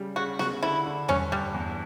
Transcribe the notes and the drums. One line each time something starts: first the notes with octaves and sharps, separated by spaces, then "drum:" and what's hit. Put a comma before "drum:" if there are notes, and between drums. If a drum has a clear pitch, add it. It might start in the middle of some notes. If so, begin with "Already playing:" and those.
Already playing: C#3 G3
C#3 F#4
C#3 F#4, drum: snare B3
D3 E4
D3
G2 C#4, drum: tom E2
G2 G3
E2